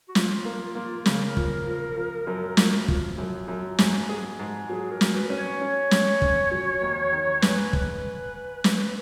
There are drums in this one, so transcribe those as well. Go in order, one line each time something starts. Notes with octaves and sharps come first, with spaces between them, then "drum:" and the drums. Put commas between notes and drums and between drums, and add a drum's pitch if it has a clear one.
F#4
F3 F4, drum: snare
A#3
A#3
C#3 A#4, drum: snare
F3, drum: kick
F3
F3
F#2
F3, drum: snare
F3, drum: kick
F#2
F#2
G#2, drum: snare
G#4
G#2
F#3 G#4
A#4
F#3, drum: snare
B4
C#4
C#5
C#4
C#4, drum: snare
C#4, drum: kick
F#3
D#2
D#3
G#2 B4, drum: snare
drum: kick
drum: snare